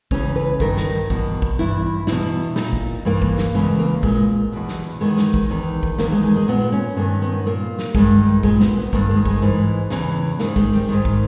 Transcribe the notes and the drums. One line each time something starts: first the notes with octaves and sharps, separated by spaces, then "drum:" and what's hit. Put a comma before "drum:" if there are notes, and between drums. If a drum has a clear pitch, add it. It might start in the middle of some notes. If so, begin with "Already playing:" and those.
E2 C#3 E3 C#4, drum: kick
B4
G2 D#3 A#4, drum: kick
drum: snare
E2 B2, drum: kick
drum: kick
G2 E3 E4
E2 B2 E4, drum: snare
A#2 D#4, drum: snare
drum: kick
G2 E3 A#3
drum: kick
drum: snare
E2 C#3 E3 G#3
A#3
A#2 G#3, drum: kick
E2 B2
drum: snare
E2 D#3 G#3
drum: snare
drum: kick
E2 D#3
drum: kick
E2 D#3 A#3, drum: snare
G#3
G#3
G#3
A#2 B3
C#4
G2 D#3 C#4
B3
A#2 A#3
drum: snare
G2 D#3 G#3, drum: kick
A#2 G#3, drum: kick
B3, drum: snare
B3
G2 D#3 A#3, drum: kick
G#3
G#3, drum: kick
G#2 E3
E2 C#3 E3, drum: snare
G#2 D#3 A#3, drum: snare
G#3, drum: kick
G3
G#2 D#3 G#3
drum: kick